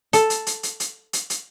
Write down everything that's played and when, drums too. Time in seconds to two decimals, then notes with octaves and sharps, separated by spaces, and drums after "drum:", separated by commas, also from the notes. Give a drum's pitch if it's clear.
0.13 A4, drum: hi-hat
0.30 drum: hi-hat
0.47 drum: hi-hat
0.63 drum: hi-hat
0.80 drum: hi-hat
1.13 drum: hi-hat
1.30 drum: hi-hat